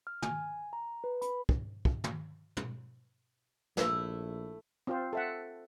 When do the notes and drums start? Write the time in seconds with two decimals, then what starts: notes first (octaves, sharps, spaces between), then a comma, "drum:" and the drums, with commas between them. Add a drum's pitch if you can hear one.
0.07 F6
0.22 G#5, drum: tom
0.73 A#5
1.04 B4
1.22 B5, drum: hi-hat
1.49 drum: kick
1.85 drum: kick
2.04 drum: tom
2.57 drum: tom
3.77 A#1 A3 E4, drum: snare
4.87 C4 F4 C5
5.13 A4 E5 F#5